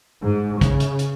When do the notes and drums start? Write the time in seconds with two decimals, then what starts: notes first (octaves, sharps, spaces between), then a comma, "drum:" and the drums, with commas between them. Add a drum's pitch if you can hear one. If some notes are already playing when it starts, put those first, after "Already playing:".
0.22 G#2
0.61 C#3, drum: kick, hi-hat
0.80 drum: hi-hat
0.99 drum: hi-hat